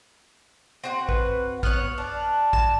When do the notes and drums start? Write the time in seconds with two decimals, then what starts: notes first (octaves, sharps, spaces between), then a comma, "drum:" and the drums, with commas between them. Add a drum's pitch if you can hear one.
0.84 C4 F#4 F#5
1.09 B4, drum: kick A#1
1.63 B3 C#5 F6 F#6, drum: kick A#1
1.98 D4
2.53 E7, drum: kick A#1